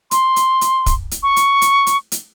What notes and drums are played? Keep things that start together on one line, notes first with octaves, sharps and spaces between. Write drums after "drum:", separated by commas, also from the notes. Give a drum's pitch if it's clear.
C6, drum: hi-hat
drum: hi-hat
drum: hi-hat
drum: kick, hi-hat
drum: hi-hat
C#6
drum: hi-hat
drum: hi-hat
drum: hi-hat
drum: hi-hat